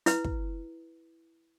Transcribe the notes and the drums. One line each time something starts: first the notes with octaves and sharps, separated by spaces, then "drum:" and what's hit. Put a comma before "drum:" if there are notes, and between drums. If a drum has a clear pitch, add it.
E4 B4, drum: hi-hat
drum: kick